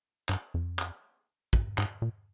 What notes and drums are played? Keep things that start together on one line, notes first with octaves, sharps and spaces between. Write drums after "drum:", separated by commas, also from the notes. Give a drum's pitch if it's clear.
G2, drum: clap
F2
drum: clap
drum: kick
G#2, drum: clap
A#2